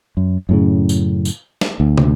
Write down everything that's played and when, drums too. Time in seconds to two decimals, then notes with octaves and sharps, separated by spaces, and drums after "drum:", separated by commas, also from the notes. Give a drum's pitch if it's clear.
0.17 F#2
0.49 F#2 A2 C#3
0.89 drum: tambourine
1.25 drum: tambourine
1.61 drum: snare
1.80 D2
1.98 drum: tom